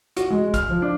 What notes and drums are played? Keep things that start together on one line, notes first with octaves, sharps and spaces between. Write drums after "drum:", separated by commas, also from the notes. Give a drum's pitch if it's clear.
F#4, drum: hi-hat
G#3
F6, drum: kick, hi-hat
F3
D4